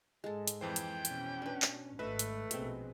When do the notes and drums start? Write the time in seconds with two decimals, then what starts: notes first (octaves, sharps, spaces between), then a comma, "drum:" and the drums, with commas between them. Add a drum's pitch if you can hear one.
0.24 G#2 G#3 A4
0.48 drum: hi-hat
0.61 F2 E3 C5 G5
0.76 drum: hi-hat
1.05 B2 C#4, drum: hi-hat
1.42 D4 B4
1.62 drum: clap
1.99 G#1 A3 B4 D#5 E5
2.19 drum: hi-hat
2.51 A#1 B2 G#3 C4, drum: hi-hat